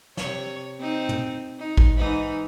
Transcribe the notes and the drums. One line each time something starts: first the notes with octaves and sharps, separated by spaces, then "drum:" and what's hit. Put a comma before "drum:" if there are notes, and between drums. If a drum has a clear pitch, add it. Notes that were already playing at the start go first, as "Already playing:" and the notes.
C3 C#5, drum: snare
C4 D#4
drum: tom
D#4
drum: kick A1
G#2 E3 D#4